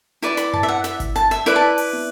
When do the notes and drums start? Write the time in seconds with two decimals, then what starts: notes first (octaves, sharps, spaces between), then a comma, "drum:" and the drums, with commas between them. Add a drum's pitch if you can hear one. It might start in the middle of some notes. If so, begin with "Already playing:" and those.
0.22 E4 B4 D5, drum: hi-hat
0.37 B5, drum: snare
0.53 A5, drum: tom F#2
0.63 E5
0.68 F#5
0.84 E5, drum: snare
1.00 drum: kick G1, hi-hat
1.16 A5, drum: hi-hat
1.31 E5, drum: hi-hat
1.46 E4 B4 D5 E5, drum: hi-hat
1.56 A5
1.78 drum: open hi-hat
1.93 drum: tom